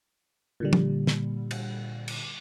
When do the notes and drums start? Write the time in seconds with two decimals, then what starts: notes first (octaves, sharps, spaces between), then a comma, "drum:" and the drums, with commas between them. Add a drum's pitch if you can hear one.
0.60 A#2 D3 G3
0.73 drum: tom
1.07 drum: snare
1.51 drum: cymbal
2.08 drum: cymbal